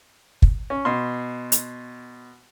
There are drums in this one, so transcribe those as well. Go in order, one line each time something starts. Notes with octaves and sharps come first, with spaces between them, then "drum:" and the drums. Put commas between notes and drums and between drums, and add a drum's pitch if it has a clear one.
drum: kick
C#4
B2 C6
drum: hi-hat